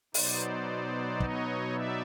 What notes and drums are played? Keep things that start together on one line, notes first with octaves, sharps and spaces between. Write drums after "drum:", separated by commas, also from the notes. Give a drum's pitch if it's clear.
B2 F#3 B3 D#4 C5 D5, drum: open hi-hat
C#5 D#5, drum: kick
D5 E5